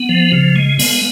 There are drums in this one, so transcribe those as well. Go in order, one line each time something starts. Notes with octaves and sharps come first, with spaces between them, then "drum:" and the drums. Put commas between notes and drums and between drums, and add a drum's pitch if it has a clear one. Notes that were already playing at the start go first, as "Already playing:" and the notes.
Already playing: B3
F3
C#3
G#3
B3, drum: open hi-hat